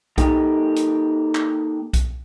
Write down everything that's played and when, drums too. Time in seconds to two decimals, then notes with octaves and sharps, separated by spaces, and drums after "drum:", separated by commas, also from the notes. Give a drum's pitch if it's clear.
0.18 A#3 D#4 G4 A4 A#4, drum: kick B1, hi-hat
0.76 drum: hi-hat
1.35 drum: clap
1.93 drum: kick B1, hi-hat